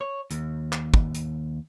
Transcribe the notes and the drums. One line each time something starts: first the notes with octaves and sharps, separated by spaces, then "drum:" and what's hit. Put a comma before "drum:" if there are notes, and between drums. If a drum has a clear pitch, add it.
C#5
D#2, drum: hi-hat
drum: clap
drum: kick
drum: hi-hat